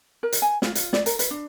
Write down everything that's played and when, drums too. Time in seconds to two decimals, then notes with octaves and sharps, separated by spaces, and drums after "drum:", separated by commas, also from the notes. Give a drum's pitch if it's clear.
0.23 A#4
0.32 drum: hi-hat
0.42 G#5
0.62 F4, drum: snare
0.75 F4, drum: hi-hat
0.93 D5, drum: snare
1.06 A#4, drum: hi-hat
1.19 B4, drum: hi-hat
1.31 D4